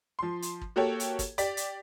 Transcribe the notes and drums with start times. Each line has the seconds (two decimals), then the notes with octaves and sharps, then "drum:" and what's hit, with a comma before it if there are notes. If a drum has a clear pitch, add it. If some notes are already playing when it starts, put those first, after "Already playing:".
0.19 F3 C6
0.42 drum: hi-hat
0.62 drum: kick
0.76 A#3 F#4 G4 A4 C#5 G5
1.00 drum: hi-hat
1.19 drum: kick, hi-hat
1.38 G4 D5 B6, drum: hi-hat
1.57 drum: hi-hat